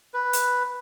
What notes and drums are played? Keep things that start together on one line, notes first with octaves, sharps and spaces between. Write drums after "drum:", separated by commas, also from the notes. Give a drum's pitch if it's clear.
B4
drum: hi-hat